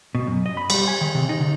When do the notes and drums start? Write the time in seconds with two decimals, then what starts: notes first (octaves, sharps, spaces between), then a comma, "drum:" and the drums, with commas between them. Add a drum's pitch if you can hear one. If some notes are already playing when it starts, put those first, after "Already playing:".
0.15 B2
0.27 F#2
0.46 D#5
0.57 B5
0.70 G3, drum: cymbal
0.88 G#5
1.01 D#3
1.15 C3
1.29 D#4
1.41 D3